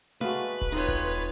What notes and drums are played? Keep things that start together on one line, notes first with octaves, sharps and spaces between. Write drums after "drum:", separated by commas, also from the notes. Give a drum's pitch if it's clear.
G#3 A3 F#4 B4 D5 F5, drum: tom A3
drum: kick D#1
C4 D#4 F4 A4 C#5
drum: kick D#1